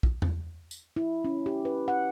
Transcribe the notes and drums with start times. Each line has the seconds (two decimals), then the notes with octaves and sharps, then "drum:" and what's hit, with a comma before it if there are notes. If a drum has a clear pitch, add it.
0.03 drum: kick
0.22 drum: tom E2
0.71 drum: tambourine
0.96 E4
1.25 C#4
1.46 G4
1.65 B4
1.88 F#5